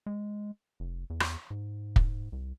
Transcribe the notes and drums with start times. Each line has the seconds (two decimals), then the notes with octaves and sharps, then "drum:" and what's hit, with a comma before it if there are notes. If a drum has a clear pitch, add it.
0.06 G#3
0.80 F1
1.10 E2
1.20 drum: rim click
1.51 G#2
1.96 drum: kick
2.32 C2